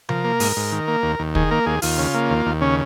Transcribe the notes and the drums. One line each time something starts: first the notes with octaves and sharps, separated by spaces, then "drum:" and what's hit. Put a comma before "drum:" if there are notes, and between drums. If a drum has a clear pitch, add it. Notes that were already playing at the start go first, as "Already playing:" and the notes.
F3 A#4, drum: tom C3
A#3
G#2, drum: open hi-hat
G#2
D#3
A#3
D#2
D#2
D#3 G#4, drum: kick
A#3 A#4
D#2 G#4
D#2 F4, drum: open hi-hat
C#3
A#3
D#2
D#2
C#3 C#4